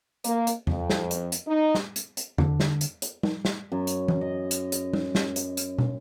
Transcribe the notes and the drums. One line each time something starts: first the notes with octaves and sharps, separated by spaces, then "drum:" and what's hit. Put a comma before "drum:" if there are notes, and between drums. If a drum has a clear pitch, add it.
A#3, drum: hi-hat
drum: hi-hat
F2, drum: tom E2
drum: snare
drum: hi-hat
drum: hi-hat
D#4
drum: snare
drum: hi-hat
drum: hi-hat
D3, drum: tom E2
drum: snare
drum: hi-hat
drum: hi-hat
drum: tom G3
drum: snare
F#2
drum: hi-hat
drum: tom E3
D#5
drum: hi-hat
drum: hi-hat
drum: tom G3
drum: snare
drum: hi-hat
drum: hi-hat
drum: tom